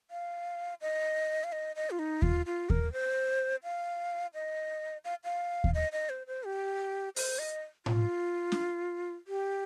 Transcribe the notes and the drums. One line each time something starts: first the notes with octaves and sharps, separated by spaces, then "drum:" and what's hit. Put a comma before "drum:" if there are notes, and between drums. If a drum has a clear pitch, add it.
F5
D#5
F5
D#5
D#5
F4
D#4
F4, drum: kick D#2
F4
A#4, drum: kick D#2
C5
F5
D#5
F5
F5
drum: kick D#2
D#5
D#5
C5
C5
G4
C5, drum: open hi-hat
D#5
F4, drum: tom A2
drum: snare
G4